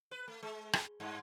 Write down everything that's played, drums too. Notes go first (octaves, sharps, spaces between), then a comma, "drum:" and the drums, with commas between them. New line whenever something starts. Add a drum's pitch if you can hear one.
B4
A3
G#3
drum: rim click
G2